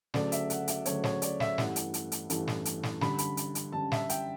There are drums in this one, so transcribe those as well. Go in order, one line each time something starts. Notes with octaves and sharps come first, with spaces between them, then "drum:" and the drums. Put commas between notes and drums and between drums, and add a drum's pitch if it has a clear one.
D2 C#3 F#3 A3 D5, drum: snare
E5, drum: hi-hat
F#5, drum: hi-hat
E5, drum: hi-hat
D2 C#3 F#3 A3 C#5, drum: hi-hat
C#5, drum: snare
D5, drum: hi-hat
E5, drum: snare
A1 G2 E3 A3 F#5, drum: snare
drum: hi-hat
drum: hi-hat
drum: hi-hat
A1 G2 E3 A3, drum: hi-hat
drum: snare
drum: hi-hat
drum: snare
F#2 D3 G3 B5, drum: snare
B5, drum: hi-hat
drum: hi-hat
drum: hi-hat
F#2 D3 G3 A5
E5, drum: snare
G5, drum: hi-hat